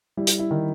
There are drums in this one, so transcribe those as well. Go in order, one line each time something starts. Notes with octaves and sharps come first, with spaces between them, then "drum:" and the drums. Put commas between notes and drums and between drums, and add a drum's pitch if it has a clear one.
G3 E4
drum: hi-hat
E4
D#3